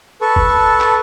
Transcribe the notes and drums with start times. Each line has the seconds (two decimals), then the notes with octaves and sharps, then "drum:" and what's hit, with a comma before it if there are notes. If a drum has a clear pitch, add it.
0.21 A4 B4 A5 C#6
0.36 drum: kick G1
0.81 drum: clap